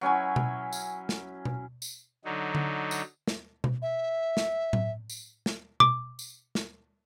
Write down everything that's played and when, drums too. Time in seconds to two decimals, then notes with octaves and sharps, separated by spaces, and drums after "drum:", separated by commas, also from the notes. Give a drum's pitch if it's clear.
0.01 F#3 C#4 E4 G#5
0.36 drum: tom B2
0.73 drum: tambourine
1.09 drum: snare
1.45 drum: tom B2
1.82 drum: tambourine
2.25 D3 F#3 D#4
2.55 drum: tom D3
2.91 drum: tambourine
3.28 drum: snare
3.64 drum: tom B2
3.82 E5
4.37 drum: snare
4.73 drum: tom A2
5.10 drum: tambourine
5.46 drum: snare
5.80 D6, drum: tom B2
6.19 drum: tambourine
6.55 drum: snare